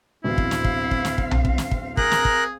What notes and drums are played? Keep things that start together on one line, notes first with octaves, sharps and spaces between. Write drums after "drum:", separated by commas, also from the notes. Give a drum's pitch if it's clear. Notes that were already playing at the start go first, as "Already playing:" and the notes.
D1 B2 E3 C4 E4 F5
drum: kick
drum: snare
drum: kick
drum: kick
drum: snare
drum: kick
drum: tom B1
drum: kick
drum: snare
drum: kick
G#4 A#4 A#5 F#6, drum: kick
drum: snare
drum: kick